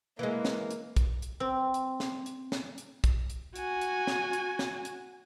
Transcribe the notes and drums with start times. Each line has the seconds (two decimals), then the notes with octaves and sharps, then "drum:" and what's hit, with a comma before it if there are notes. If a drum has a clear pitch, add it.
0.19 E3 G#3 A#3
0.45 drum: snare
0.71 drum: hi-hat
0.96 drum: kick, hi-hat
1.22 drum: hi-hat
1.40 C4
1.74 drum: hi-hat
2.00 drum: snare
2.26 drum: hi-hat
2.52 drum: snare
2.78 drum: hi-hat
3.04 drum: kick, hi-hat
3.30 drum: hi-hat
3.56 F#4 G#5, drum: hi-hat
3.81 drum: hi-hat
4.07 drum: snare
4.33 drum: hi-hat
4.59 drum: snare
4.85 drum: hi-hat